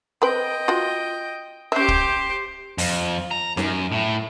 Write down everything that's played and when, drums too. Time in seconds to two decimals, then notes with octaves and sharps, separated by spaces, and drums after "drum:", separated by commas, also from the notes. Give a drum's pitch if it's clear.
0.22 C4 B4 D#5 G5
0.68 F4 F#4
1.72 C#4 G4 C5 E5
1.88 drum: kick
2.78 F2, drum: open hi-hat
3.31 A#5
3.57 F#2, drum: snare D#4
3.92 A2